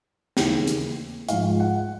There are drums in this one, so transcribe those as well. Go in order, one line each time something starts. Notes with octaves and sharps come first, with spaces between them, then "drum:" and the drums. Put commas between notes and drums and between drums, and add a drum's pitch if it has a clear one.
D#2 C#3 E3, drum: snare
drum: hi-hat
G#2 F3 F5, drum: hi-hat
F#5